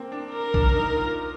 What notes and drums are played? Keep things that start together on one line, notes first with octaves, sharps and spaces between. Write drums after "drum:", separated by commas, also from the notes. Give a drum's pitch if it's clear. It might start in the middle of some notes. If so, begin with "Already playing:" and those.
Already playing: A#3 C4
D4
A#4
D4, drum: kick B1
D#4
F4